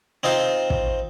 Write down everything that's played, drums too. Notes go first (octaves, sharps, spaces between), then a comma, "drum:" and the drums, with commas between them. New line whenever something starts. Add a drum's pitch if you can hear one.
C4 D#4 F4 C5
drum: kick